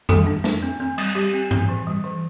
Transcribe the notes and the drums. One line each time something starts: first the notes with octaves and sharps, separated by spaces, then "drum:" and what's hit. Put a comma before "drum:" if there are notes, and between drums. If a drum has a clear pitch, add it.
G3 A4, drum: tom F2
D4
D4, drum: snare
C4
C4
G3, drum: cymbal
G3 G4
C4
C4, drum: tom G2
E3
G3
E3